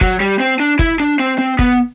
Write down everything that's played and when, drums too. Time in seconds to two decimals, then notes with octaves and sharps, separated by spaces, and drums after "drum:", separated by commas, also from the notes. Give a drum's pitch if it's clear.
0.01 F#3, drum: kick
0.20 G3
0.40 C4
0.60 D4
0.79 E4, drum: kick
1.00 D4
1.19 C4
1.38 C4
1.59 B3, drum: kick